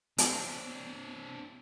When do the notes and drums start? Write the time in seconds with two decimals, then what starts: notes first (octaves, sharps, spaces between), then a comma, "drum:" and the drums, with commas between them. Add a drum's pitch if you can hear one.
0.18 B3 C4 D4, drum: hi-hat